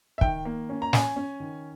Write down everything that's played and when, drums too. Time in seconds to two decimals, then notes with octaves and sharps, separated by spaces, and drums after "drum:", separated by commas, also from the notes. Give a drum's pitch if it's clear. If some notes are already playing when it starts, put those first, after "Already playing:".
0.18 E5
0.21 D#3 G5, drum: kick
0.45 A#3
0.69 C#4
0.82 A#5
0.93 C#4 G#5, drum: snare
1.16 C#4
1.40 D#3